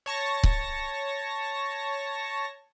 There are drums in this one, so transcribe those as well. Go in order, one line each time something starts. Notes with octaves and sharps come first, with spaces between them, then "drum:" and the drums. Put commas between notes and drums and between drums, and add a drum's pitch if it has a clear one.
C#5 A5 C#6 A#6
drum: kick C#1